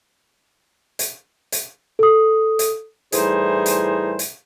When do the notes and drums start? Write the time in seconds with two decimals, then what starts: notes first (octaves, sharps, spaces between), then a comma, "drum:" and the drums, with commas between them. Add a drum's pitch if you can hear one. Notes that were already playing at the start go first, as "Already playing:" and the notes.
0.99 drum: hi-hat
1.52 drum: hi-hat
1.99 A4 D#6
2.59 drum: hi-hat
3.12 A2 E3 G3 D#4 G#4 C5, drum: hi-hat
3.66 drum: hi-hat
4.19 drum: hi-hat